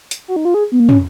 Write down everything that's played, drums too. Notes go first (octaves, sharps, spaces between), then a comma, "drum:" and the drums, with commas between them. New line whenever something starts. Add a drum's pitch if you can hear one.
drum: hi-hat
F#4
D#4
F4
G#4
B3
A#3
C#4, drum: tom